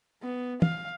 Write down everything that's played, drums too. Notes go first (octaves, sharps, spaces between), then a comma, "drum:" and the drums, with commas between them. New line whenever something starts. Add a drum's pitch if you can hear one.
B3
F5, drum: tom